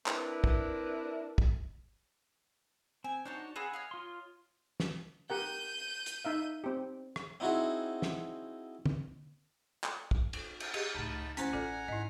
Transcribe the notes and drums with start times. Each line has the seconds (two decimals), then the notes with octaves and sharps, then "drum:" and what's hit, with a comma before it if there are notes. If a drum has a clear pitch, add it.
0.06 C4 D4 E4 A#4 B4, drum: clap
0.44 drum: kick
1.38 drum: kick
3.04 C4 G#5
3.25 D4 D#4 F#4 C5 C#5 A5
3.56 C4 G#4 F5 F#5 G#5 B5
3.73 C#5 D#5 F5
3.91 F4 C6
4.80 drum: snare
5.30 G4 A#4 F#5 G6 D#7
6.06 drum: hi-hat
6.25 D#4 E5 F5
6.64 C4 G4
7.16 drum: rim click
7.40 C4 D#4 E4 F#4 G#4 C5
8.02 drum: snare
8.86 drum: tom
9.84 drum: clap
10.11 drum: kick
10.33 drum: cymbal
10.60 drum: cymbal
10.74 G4 G#4 D#5, drum: cymbal
10.95 C#2 A2 D#4 A5 B5
11.37 D2 A#3 C#4 E4 C5 F#5 G#5 A#5, drum: hi-hat
11.53 A1 F4 A4 D5
11.88 G#2 E4 D#5